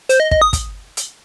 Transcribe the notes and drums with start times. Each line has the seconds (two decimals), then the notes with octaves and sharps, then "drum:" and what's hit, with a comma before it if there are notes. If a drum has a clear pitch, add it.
0.09 C5, drum: hi-hat
0.20 D#5
0.31 D#5, drum: kick
0.42 D#6
0.53 drum: kick, hi-hat
0.97 drum: hi-hat